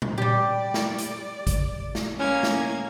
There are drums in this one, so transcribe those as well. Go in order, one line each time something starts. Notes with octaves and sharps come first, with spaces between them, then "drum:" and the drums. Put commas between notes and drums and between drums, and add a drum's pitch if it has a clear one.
drum: tom A#2
G3 G4 D5
drum: snare
drum: hi-hat
drum: kick A1, hi-hat
drum: snare
G#3 A#3 C#4 G#6
drum: snare